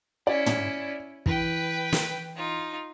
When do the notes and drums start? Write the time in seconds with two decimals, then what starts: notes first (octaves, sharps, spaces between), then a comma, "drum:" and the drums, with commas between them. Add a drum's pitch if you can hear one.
0.27 C#4 E4 D5
0.46 drum: tom
1.26 E3 B4 G5, drum: kick
1.93 drum: snare
2.35 D#4 F4